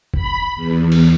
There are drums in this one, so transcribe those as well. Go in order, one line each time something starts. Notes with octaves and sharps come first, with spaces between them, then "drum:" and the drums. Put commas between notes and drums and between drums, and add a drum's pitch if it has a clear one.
B5, drum: kick
E2
drum: cymbal